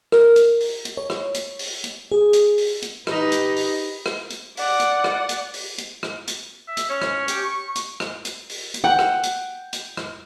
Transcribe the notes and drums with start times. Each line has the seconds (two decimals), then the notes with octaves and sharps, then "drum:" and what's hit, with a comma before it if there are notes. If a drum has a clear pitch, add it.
0.12 A#4, drum: rim click
0.36 drum: hi-hat
0.60 drum: open hi-hat
0.85 drum: hi-hat
0.97 C#5
1.10 drum: rim click
1.34 drum: hi-hat
1.59 drum: open hi-hat
1.84 drum: hi-hat
2.12 G#4
2.33 drum: hi-hat
2.58 drum: open hi-hat
2.82 drum: hi-hat
3.07 D#4 G4 B4, drum: rim click
3.32 drum: hi-hat
3.56 drum: open hi-hat
4.06 drum: rim click
4.30 drum: hi-hat
4.57 D5 F#5, drum: open hi-hat
4.80 drum: hi-hat
5.04 drum: rim click
5.29 drum: hi-hat
5.54 drum: open hi-hat
5.78 drum: hi-hat
6.03 drum: rim click
6.28 drum: hi-hat
6.68 E5
6.77 drum: hi-hat
6.89 C#4 C#5
7.02 drum: rim click
7.28 G4, drum: hi-hat
7.44 C#6
7.76 drum: hi-hat
8.00 drum: rim click
8.25 drum: hi-hat
8.49 drum: open hi-hat
8.74 drum: hi-hat
8.84 F#5 G5
8.99 drum: rim click
9.23 drum: hi-hat
9.73 drum: hi-hat
9.97 drum: rim click